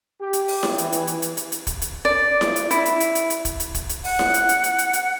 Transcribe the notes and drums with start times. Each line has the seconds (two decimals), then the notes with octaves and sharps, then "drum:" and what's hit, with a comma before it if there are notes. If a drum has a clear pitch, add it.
0.20 G4
0.33 drum: hi-hat
0.48 drum: open hi-hat
0.63 drum: snare E4
0.78 E3, drum: hi-hat
0.92 drum: hi-hat
1.07 drum: hi-hat
1.22 drum: hi-hat
1.37 drum: hi-hat
1.52 drum: hi-hat
1.67 drum: kick, hi-hat
1.82 drum: hi-hat
2.05 D5
2.41 drum: snare E4
2.56 drum: hi-hat
2.71 E4, drum: hi-hat
2.85 drum: hi-hat
3.00 drum: hi-hat
3.15 drum: hi-hat
3.30 drum: hi-hat
3.45 drum: kick, hi-hat
3.60 drum: hi-hat
3.75 drum: kick, hi-hat
3.89 drum: hi-hat
4.04 F#5, drum: open hi-hat
4.19 drum: snare E4
4.34 drum: hi-hat
4.49 drum: hi-hat
4.64 drum: hi-hat
4.78 drum: hi-hat
4.93 drum: hi-hat